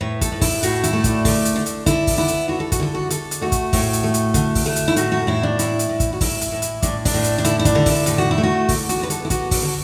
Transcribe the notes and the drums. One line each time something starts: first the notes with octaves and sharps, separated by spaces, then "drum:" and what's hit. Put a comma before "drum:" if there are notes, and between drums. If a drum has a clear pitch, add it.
A2 B4
A4, drum: kick, hi-hat
A2
E4, drum: kick, open hi-hat
A2 F#4, drum: hi-hat
E4, drum: hi-hat
A3
D4, drum: kick, hi-hat
D3, drum: kick, open hi-hat
drum: hi-hat
D3
drum: hi-hat
D3 E4, drum: kick, hi-hat
drum: kick, open hi-hat
B3 E4
drum: hi-hat
D3 F#4
A4
F#4, drum: kick, hi-hat
D3 A4
F#4
D3 A4, drum: hi-hat
drum: hi-hat
A3 F#4
drum: kick, hi-hat
A2, drum: kick, open hi-hat
drum: hi-hat
A3
drum: hi-hat
D3, drum: kick, hi-hat
drum: kick, open hi-hat
A3
drum: hi-hat
E4
A2 F#4, drum: hi-hat
F#4
A2 E4
D4
A2 E4, drum: hi-hat
drum: hi-hat
A2
drum: kick, hi-hat
F#4
A2 E4, drum: kick, open hi-hat
drum: hi-hat
A2
drum: hi-hat
A2 D4, drum: kick, hi-hat
D4, drum: kick, open hi-hat
A2
drum: hi-hat
D4
D3 E4, drum: hi-hat
E4
D4, drum: kick, hi-hat
D3
E4, drum: kick, open hi-hat
A2 A4, drum: hi-hat
F#4
E4
A3
F#4
D3, drum: kick, open hi-hat
F#4, drum: hi-hat
B3 B4
A4, drum: hi-hat
E4
D3 F#4, drum: kick, hi-hat
F#4, drum: kick, open hi-hat
D3